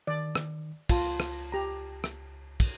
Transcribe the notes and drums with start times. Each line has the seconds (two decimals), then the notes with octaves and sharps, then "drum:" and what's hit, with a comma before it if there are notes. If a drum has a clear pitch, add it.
0.07 D#3 D5
0.35 drum: rim click
0.89 C#2 F4 A5, drum: kick, cymbal
1.20 drum: rim click
1.52 G4 A#5
2.04 drum: rim click
2.60 drum: kick, cymbal